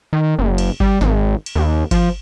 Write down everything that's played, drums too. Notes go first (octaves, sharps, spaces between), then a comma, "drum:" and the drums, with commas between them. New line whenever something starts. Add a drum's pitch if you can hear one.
D#3
F#1
drum: cymbal
G3, drum: kick G1
G#1, drum: snare
drum: cymbal
D#2
F3, drum: kick G1, cymbal